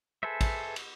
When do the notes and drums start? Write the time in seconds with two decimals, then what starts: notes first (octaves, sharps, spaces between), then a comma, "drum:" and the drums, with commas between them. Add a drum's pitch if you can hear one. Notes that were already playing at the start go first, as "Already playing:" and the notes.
0.23 G#4 A4 B4 C5 E5
0.41 drum: kick A1, cymbal
0.76 drum: cymbal